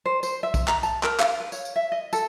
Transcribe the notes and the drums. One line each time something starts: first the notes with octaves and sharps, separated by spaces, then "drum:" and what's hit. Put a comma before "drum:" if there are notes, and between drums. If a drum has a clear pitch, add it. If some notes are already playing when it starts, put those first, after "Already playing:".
C5
C5, drum: tambourine
E5
drum: kick B1, tambourine
A#5, drum: clap
A5, drum: tambourine
A#4, drum: clap
F5, drum: clap
B4
C#5, drum: tambourine
drum: tambourine
E5
D#5
A4, drum: tambourine